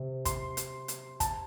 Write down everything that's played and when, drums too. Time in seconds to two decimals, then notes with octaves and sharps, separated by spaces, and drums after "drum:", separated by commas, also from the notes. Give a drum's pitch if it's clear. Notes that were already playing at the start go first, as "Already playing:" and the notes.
Already playing: C3
0.25 C6, drum: kick, hi-hat
0.57 drum: hi-hat
0.88 drum: hi-hat
1.20 A5, drum: kick, hi-hat